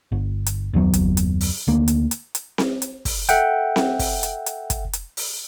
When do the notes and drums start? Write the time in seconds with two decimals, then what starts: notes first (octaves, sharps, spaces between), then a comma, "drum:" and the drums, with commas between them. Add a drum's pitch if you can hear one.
0.12 G1
0.46 drum: hi-hat
0.73 F#1 D#2 F#3 B3
0.93 drum: kick, hi-hat
1.17 drum: hi-hat
1.41 drum: open hi-hat
1.68 D2 A#3
1.88 drum: hi-hat
2.11 drum: hi-hat
2.35 drum: hi-hat
2.58 drum: snare C4
2.82 drum: hi-hat
3.05 drum: kick, open hi-hat
3.29 A4 E5 F#5 G5, drum: hi-hat
3.76 drum: snare C4
3.99 drum: kick, open hi-hat
4.23 drum: hi-hat
4.46 drum: hi-hat
4.70 drum: kick, hi-hat
4.93 drum: hi-hat
5.17 drum: open hi-hat